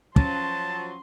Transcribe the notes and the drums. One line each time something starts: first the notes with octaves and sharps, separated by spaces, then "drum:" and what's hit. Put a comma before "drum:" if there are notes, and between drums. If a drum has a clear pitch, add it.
F3 F#3 C#4 A5 C6 D#7, drum: kick